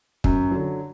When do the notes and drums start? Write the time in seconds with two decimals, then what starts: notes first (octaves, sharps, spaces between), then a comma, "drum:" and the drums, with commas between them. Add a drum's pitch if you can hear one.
0.24 F#2, drum: kick
0.51 D3 F#3